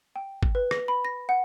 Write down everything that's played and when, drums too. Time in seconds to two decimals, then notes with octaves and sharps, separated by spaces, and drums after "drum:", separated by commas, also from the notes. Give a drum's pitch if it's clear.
0.16 G5
0.43 drum: kick G#1
0.55 B4
0.71 A#6, drum: rim click
0.88 B5
1.05 A#6
1.29 F#5